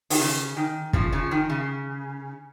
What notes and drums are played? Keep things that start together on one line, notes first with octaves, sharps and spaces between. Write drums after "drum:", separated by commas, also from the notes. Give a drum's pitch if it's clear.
D#3, drum: open hi-hat
C#3
D#3
C#3 F3, drum: kick
C#3 F3
D#3
C#3